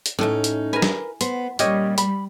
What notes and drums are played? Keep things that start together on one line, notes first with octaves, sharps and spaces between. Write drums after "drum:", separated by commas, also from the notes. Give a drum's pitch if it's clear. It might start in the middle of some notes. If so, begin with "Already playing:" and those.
drum: hi-hat
A2 A3 C#4 D#4
drum: hi-hat
A#4 B4 G#5
drum: snare
B3 C5, drum: hi-hat
A#2 G3 C#4 G4 C#5 D#5, drum: hi-hat
B5, drum: hi-hat